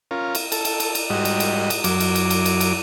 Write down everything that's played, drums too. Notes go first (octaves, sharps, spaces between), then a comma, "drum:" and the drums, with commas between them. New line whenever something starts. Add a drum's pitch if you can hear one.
C#4 F4 A#4
drum: cymbal
A4, drum: cymbal
drum: cymbal
drum: cymbal
drum: cymbal
G#2 G3 F#4 D#5
drum: cymbal
drum: cymbal
drum: cymbal
F#2 F#3 D6, drum: cymbal
drum: cymbal
drum: cymbal
drum: cymbal
drum: cymbal
drum: cymbal